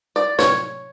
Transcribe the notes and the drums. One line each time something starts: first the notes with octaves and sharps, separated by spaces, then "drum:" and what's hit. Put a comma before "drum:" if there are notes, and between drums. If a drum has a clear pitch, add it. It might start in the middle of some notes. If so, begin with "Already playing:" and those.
D5
C#5, drum: snare